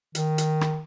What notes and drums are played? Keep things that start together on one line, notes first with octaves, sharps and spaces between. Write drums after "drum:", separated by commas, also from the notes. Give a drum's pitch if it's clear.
D#3, drum: hi-hat
drum: hi-hat
drum: rim click